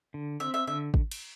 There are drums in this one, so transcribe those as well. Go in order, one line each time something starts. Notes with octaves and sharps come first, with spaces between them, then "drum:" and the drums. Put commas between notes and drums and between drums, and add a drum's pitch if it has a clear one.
D3
C4 E5
E5
D3 E5
drum: kick
drum: cymbal